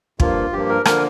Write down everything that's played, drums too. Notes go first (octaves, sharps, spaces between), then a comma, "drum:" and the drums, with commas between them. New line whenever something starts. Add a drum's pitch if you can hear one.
G2 F3 A#3 F4, drum: kick
G2 F3 A#3 G4
A#4
D3 F3 A#3 A#4, drum: rim click